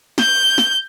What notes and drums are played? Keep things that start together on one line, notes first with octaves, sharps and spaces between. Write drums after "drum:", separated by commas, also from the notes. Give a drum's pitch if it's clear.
G6, drum: snare
drum: snare